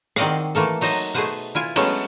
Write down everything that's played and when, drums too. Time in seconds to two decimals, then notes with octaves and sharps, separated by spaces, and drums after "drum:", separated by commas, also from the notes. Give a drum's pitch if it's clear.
0.16 D#3 C4 D5 D#5 F5 F#5, drum: rim click
0.55 E3 A3 A#3 A4
0.81 F#3 D#4 C5 D#5, drum: open hi-hat
1.14 B2 A3 G#4 B4 C5 F#5
1.55 E4 F4 G#5
1.76 F#3 G#3 A3 B3 C#4, drum: cymbal